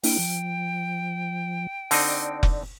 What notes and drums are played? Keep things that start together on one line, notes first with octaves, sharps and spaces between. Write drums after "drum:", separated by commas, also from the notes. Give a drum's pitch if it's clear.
A#3 D4 E4 G5, drum: open hi-hat
F3
D3 C4 D#4 D5, drum: open hi-hat
drum: kick F1